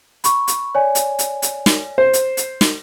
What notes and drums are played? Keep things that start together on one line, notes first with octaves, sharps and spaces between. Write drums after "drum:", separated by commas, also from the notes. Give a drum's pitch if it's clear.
B5 C#6, drum: hi-hat
drum: hi-hat
C#5 D5 G#5
drum: hi-hat
drum: hi-hat
drum: hi-hat
drum: snare
C5
drum: hi-hat
drum: hi-hat
drum: snare